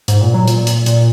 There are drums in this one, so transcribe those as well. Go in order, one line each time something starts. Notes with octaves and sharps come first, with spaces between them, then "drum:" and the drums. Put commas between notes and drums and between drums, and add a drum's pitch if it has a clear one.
G#2, drum: hi-hat
A#2
F#3
A#2, drum: hi-hat
drum: hi-hat
A#2, drum: hi-hat